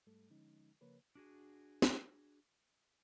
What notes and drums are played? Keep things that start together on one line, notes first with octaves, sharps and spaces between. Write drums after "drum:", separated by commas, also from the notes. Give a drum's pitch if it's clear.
G#2 G3 A3 A4
D3 F3 G#3 C#4 D#4
C#3 F3 A#3 A#4 B4 C#5
D4 F#4 G#4
drum: snare